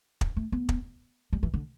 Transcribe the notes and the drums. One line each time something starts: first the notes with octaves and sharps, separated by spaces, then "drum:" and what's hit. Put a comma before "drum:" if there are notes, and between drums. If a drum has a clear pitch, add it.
drum: kick
A3
B3
drum: kick
G3
E3
D3